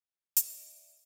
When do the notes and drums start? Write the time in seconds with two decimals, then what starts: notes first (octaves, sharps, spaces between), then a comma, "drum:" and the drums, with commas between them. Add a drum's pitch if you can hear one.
0.37 D5 E5, drum: hi-hat
0.57 D5 E5